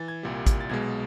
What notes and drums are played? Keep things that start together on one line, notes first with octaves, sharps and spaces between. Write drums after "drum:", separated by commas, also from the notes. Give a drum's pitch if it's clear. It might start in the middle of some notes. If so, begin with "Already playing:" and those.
Already playing: E3 A6
G#6
C2 A#2 G3
drum: kick, hi-hat
A6
B1 B2 G#3 G#6